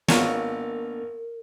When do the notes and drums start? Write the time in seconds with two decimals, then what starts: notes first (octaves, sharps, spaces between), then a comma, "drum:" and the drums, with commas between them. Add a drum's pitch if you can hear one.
0.08 G#1 A#3 B3 D4 F4 A#4 C#5, drum: snare